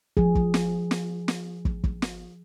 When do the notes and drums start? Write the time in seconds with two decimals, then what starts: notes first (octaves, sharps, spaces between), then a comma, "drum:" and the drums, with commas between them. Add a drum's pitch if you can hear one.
0.17 F3 G#4, drum: kick
0.35 drum: kick
0.54 drum: snare
0.91 drum: snare
1.28 drum: snare
1.65 drum: kick
1.84 drum: kick
2.02 drum: snare